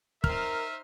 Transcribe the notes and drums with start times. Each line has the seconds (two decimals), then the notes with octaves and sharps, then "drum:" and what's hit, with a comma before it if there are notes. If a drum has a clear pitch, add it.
0.24 D#4 A#4 C5 E5 F6, drum: kick